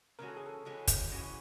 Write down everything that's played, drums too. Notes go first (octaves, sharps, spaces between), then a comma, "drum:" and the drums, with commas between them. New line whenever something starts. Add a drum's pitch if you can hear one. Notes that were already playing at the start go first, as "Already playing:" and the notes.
C#3 E3 G#3 C#4 F#4 A#4
A4
G#4
A4
C#3 E3 G#3 C#4 F#4
drum: kick, hi-hat
C#3 E3 G#3 C#4 F#4